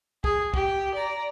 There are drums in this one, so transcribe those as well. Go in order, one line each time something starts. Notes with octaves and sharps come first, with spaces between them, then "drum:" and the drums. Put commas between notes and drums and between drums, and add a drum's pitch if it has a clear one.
G#4, drum: kick
G4, drum: kick
D5 A#5